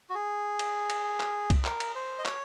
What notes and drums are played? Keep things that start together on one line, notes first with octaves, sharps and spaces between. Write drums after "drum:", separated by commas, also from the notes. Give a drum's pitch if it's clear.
F#4
G#4
drum: cymbal
drum: cymbal
drum: clap
drum: kick C2, cymbal
A#4, drum: clap
drum: cymbal
C5
D#5
C#5, drum: clap